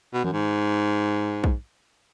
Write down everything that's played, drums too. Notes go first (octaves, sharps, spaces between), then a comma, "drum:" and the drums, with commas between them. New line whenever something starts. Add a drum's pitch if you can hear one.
B2
F#2, drum: tom D#3
G#2
drum: kick A#1